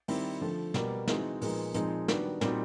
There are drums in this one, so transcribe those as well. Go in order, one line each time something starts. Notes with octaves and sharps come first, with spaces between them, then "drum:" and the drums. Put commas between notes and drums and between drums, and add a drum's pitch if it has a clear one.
D#3 G3 C4 E4, drum: open hi-hat
D3 F3 A3
B2 G3 A#3, drum: snare
E3 G#3 C4 D#4 F#4, drum: snare
A#2 F3 G#3 B3 D#4, drum: open hi-hat
A#2 F3 G#3 C4 D#4, drum: hi-hat
D#3 G3 B3 D4 F#4, drum: snare
A#2 G3 C4 D#4 F#4, drum: snare